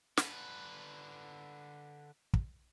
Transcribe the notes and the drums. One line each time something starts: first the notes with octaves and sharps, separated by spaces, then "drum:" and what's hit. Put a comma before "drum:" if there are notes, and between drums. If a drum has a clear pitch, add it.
D3 B4, drum: snare
drum: kick